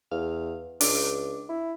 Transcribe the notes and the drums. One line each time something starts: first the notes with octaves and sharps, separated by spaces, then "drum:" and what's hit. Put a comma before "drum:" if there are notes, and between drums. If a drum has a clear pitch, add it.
E2 F5
C#2 D4, drum: open hi-hat
E4